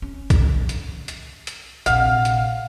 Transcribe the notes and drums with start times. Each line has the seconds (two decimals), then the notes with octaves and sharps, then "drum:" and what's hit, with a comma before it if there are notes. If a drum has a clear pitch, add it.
0.02 C#4
0.30 drum: kick B1, hi-hat
0.69 drum: hi-hat
1.08 drum: hi-hat
1.47 drum: hi-hat
1.86 A#1 C3 F5 F#5, drum: hi-hat
2.25 drum: hi-hat